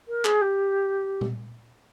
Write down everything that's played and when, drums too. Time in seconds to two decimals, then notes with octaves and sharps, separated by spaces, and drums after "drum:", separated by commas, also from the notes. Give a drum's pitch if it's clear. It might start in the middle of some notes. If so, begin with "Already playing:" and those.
0.08 A#4
0.25 G#4, drum: clap
0.41 G4
1.21 drum: tom A#2